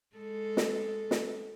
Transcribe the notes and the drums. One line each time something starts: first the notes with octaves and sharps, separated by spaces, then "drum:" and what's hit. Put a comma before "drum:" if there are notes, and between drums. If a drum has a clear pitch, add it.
G#3 A4
drum: snare
drum: snare